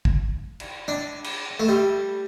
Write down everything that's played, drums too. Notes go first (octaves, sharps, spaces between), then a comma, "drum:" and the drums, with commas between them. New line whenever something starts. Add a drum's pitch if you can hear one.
drum: kick
drum: cymbal
D4
drum: cymbal
A3
G3